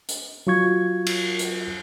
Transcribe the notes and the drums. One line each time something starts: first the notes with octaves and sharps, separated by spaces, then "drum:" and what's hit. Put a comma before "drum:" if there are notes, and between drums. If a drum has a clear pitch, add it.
drum: hi-hat
F#3 F4 C#6 G#6
drum: cymbal
drum: hi-hat